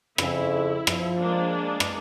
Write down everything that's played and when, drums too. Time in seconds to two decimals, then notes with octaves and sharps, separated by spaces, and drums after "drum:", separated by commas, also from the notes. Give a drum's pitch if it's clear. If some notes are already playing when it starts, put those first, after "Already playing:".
0.18 F2 C#3 E4, drum: rim click
0.87 F3, drum: rim click
1.19 G#3 A#3 D4
1.80 drum: rim click